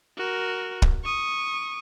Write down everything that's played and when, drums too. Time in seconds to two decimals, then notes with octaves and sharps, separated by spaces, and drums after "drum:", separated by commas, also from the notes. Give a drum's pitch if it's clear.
0.17 F#4 A#4
0.82 drum: kick
1.04 C#6 D#6